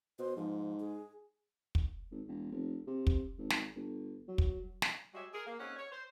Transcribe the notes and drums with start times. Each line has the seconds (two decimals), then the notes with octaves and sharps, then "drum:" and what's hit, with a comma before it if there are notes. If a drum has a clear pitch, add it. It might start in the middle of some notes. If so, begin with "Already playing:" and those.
0.19 B2 C5
0.37 G#2 F3
0.80 G#4
1.75 drum: kick
2.11 G#1
2.28 E1
2.52 F1
2.87 C3
3.07 drum: kick
3.39 G#1
3.50 drum: snare
3.76 G1
4.28 F#3
4.38 drum: kick
4.82 drum: snare
5.14 G3 G#3 F#4 G4 C#5 E5
5.34 G#4 A#4
5.46 A#3
5.59 A#3 C4 C#4 D#4 G#4 F#5
5.76 C#5
5.92 C5